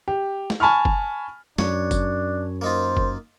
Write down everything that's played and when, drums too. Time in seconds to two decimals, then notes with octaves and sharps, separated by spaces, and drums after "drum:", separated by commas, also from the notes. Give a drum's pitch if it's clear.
0.08 G4
0.50 drum: snare
0.60 G#5 A5 B5 C#6 F6
0.85 drum: kick F#1
1.58 F#2 D4 C#5, drum: snare
1.91 drum: kick F#1, tambourine
2.61 A#3 D#4 F4 C5
2.97 drum: kick F#1